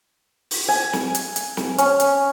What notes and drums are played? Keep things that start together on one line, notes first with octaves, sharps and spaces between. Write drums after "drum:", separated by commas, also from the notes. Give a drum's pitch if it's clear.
drum: open hi-hat
G#5
drum: snare
drum: hi-hat
drum: hi-hat
drum: snare
C#4, drum: hi-hat
drum: hi-hat